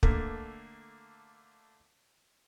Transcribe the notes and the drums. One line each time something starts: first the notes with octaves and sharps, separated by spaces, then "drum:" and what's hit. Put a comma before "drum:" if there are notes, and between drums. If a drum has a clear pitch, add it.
D3 A3 A#3, drum: kick